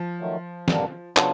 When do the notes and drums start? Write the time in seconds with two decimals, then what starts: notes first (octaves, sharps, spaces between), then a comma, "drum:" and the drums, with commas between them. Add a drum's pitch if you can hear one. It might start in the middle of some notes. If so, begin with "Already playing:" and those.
Already playing: F3
0.20 D#3 F#3 A3
0.68 G2 D3 G3 A#3 D4, drum: snare
1.16 C#3 F#3 B3 D4 F4, drum: clap